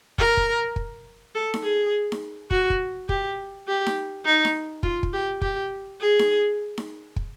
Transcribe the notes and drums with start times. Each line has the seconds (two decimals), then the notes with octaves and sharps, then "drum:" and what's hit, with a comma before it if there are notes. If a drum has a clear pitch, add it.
0.18 A#4, drum: kick
0.37 drum: kick
0.76 drum: kick
1.35 A4
1.54 drum: snare D#4
1.63 G#4
2.12 drum: snare D#4
2.51 F#4, drum: kick
2.70 drum: kick
3.09 G4, drum: kick
3.68 G4
3.86 drum: snare D#4
4.25 D#4
4.45 drum: snare D#4
4.83 F4, drum: kick
5.03 drum: kick
5.13 G4
5.41 G4, drum: kick
6.01 G#4
6.19 drum: snare D#4
6.78 drum: snare D#4
7.16 drum: kick